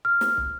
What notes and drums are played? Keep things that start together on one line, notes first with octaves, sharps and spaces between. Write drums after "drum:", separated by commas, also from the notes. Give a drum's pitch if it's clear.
F6
drum: snare
drum: kick